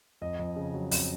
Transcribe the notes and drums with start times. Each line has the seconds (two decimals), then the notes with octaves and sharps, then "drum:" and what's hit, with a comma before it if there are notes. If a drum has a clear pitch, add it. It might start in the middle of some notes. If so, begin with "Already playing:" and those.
0.21 F2 D#5
0.39 F2
0.56 C#3
0.74 F#3
0.91 F2, drum: open hi-hat